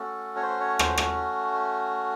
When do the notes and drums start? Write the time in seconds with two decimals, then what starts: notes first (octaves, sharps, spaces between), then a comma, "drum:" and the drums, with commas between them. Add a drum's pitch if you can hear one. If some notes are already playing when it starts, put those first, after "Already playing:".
Already playing: A3 C#4 F#4 A4
0.36 C#5
0.43 C5
0.60 C#5
0.79 C5, drum: rim click
0.98 drum: rim click